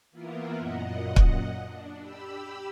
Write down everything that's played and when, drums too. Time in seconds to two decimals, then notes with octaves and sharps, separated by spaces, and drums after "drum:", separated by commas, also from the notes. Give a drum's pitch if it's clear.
0.11 E3 A#3 B3 E4 F4 A#4
0.57 F#2 A#2 D#5 F#5
1.16 drum: kick
1.63 D4
1.99 G4 B5 E6